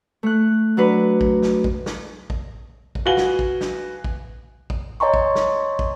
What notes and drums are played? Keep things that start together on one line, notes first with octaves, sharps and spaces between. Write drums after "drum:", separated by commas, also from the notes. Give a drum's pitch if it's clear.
A3 F#6
F#3 D4 B4
drum: kick
drum: snare
drum: kick
drum: snare
drum: kick
drum: kick
F#4 B4 F5 G#5 G7
drum: snare
drum: kick
drum: snare
drum: kick
drum: kick
C#5 D#5 G#5 A#5 C6 C#6
drum: kick
drum: snare
drum: kick